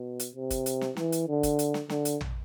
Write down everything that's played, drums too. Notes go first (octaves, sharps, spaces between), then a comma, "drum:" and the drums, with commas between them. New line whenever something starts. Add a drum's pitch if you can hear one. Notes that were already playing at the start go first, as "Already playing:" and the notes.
Already playing: B2
drum: hi-hat
C3
drum: kick, hi-hat
drum: hi-hat
drum: snare
E3, drum: snare
drum: hi-hat
D3
drum: kick, hi-hat
drum: hi-hat
drum: snare
D3, drum: snare
drum: hi-hat
drum: tom